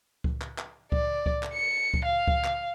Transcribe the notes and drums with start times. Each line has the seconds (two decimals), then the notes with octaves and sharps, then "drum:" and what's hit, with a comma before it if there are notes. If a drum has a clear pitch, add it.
0.24 drum: kick C#2
0.41 drum: clap
0.58 drum: clap
0.92 D5, drum: kick C#2
1.26 drum: kick C#2
1.43 drum: clap
1.53 C#7
1.94 drum: kick C#2
2.05 F5
2.28 drum: kick C#2
2.44 drum: clap